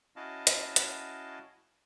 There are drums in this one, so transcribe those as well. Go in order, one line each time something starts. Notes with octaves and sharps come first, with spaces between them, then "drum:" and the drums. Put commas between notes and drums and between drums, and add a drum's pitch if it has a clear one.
C#4 E4 F#4 D#5 F5 A5
drum: hi-hat
drum: hi-hat